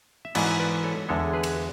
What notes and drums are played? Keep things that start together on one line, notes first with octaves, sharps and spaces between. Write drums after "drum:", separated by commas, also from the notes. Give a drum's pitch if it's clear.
E5
G#2 E3 B3 D5 F#5, drum: cymbal
B4 D5
A4 C#5
E2 D3 G#3 A4 C#5
G#4 B4
drum: cymbal